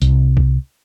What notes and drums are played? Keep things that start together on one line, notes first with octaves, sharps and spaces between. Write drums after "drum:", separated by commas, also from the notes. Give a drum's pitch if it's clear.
C2, drum: hi-hat
drum: kick B1